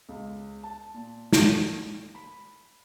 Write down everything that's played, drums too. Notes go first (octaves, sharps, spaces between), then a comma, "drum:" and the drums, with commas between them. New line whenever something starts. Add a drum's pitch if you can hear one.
C#2
A5
A#2
drum: snare
B5